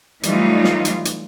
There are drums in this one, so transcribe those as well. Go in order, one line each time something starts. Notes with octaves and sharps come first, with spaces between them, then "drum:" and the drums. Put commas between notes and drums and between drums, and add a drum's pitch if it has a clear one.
E3 F#3 G3 A3 D#4 F4, drum: hi-hat
drum: snare
drum: hi-hat
drum: hi-hat